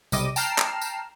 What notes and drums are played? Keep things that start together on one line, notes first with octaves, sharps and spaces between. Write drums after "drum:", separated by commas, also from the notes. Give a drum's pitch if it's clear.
B1 C3 G3 D#5 D6 D#7, drum: tambourine
G5 A5 A#5 F6 C7 E7, drum: tambourine
drum: clap
drum: tambourine